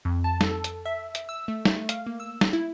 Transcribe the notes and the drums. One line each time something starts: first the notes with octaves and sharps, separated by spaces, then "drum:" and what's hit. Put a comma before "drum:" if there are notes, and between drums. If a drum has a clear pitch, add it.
F2
A5
A4, drum: snare
drum: hi-hat
E5
drum: hi-hat
E6
A3
A3, drum: snare
F5, drum: hi-hat
A#3
E6
drum: snare
E4